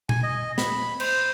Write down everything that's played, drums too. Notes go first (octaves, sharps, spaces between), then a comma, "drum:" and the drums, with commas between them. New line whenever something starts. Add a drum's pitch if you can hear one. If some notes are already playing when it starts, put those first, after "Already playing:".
G#5, drum: tom A#2
D#5
B5, drum: snare
C5, drum: cymbal